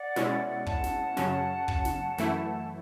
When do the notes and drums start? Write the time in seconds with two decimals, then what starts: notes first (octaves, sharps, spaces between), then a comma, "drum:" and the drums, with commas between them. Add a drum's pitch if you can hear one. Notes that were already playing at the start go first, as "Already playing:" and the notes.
Already playing: D5 F#5
0.16 B2 G#3 C#4 E4, drum: snare
0.67 F#5 A5, drum: kick
0.84 drum: snare
1.17 F#2 C#3 F#3 C#4, drum: snare
1.68 drum: kick
1.85 drum: snare
2.18 F#2 E3 A3 E4, drum: snare